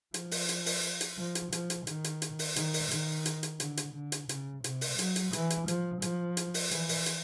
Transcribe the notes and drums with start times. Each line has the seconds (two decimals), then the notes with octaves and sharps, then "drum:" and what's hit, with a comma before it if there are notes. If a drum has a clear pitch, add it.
0.14 F3, drum: hi-hat
0.31 drum: open hi-hat
0.49 drum: hi-hat
0.66 drum: open hi-hat
1.01 drum: hi-hat
1.18 F3
1.35 drum: hi-hat
1.52 F3, drum: hi-hat
1.70 drum: hi-hat
1.87 D#3, drum: hi-hat
2.04 drum: hi-hat
2.22 drum: hi-hat
2.39 drum: open hi-hat
2.56 D#3, drum: hi-hat
2.74 drum: open hi-hat
2.91 D#3, drum: hi-hat
3.25 drum: hi-hat
3.43 drum: hi-hat
3.60 D3, drum: hi-hat
3.77 drum: hi-hat
3.95 D3
4.12 drum: hi-hat
4.29 C#3, drum: hi-hat
4.64 C3, drum: hi-hat
4.81 drum: open hi-hat
4.99 F#3, drum: hi-hat
5.16 drum: hi-hat
5.33 E3, drum: hi-hat
5.50 drum: hi-hat
5.68 F3, drum: hi-hat
6.02 F3, drum: hi-hat
6.37 drum: hi-hat
6.54 drum: open hi-hat
6.71 E3, drum: hi-hat
6.89 drum: open hi-hat
7.06 drum: hi-hat